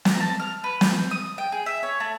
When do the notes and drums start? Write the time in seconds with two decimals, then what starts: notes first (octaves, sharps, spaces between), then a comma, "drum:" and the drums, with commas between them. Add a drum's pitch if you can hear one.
0.05 A#5, drum: snare
0.20 A5
0.40 F6
0.64 B4
0.81 G6, drum: snare
1.11 D#6
1.38 G5
1.52 G#4
1.66 E5
1.83 C#5
2.00 A3